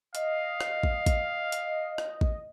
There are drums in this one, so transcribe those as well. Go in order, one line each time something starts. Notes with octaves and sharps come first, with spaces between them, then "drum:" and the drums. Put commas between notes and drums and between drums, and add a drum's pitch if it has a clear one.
D#5 F5, drum: hi-hat
drum: rim click
drum: kick
drum: kick, hi-hat
drum: hi-hat
drum: rim click
drum: kick